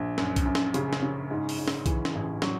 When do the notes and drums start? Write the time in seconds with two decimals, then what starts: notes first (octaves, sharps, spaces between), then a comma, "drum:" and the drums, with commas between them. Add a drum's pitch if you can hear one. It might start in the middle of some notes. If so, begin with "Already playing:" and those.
Already playing: A#1
0.18 F#2, drum: snare
0.36 drum: kick B1, hi-hat
0.46 F#2
0.55 drum: snare
0.74 C#3, drum: hi-hat
0.93 drum: snare
1.03 C#3
1.31 G#2
1.49 drum: open hi-hat
1.58 G#2
1.68 drum: snare
1.86 E3, drum: kick B1, hi-hat
2.05 drum: snare
2.15 A1
2.42 F#3, drum: snare